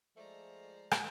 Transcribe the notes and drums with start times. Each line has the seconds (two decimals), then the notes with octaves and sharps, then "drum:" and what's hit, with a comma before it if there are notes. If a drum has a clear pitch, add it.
0.17 F3 G#3 A3 D5 A#5
0.91 drum: rim click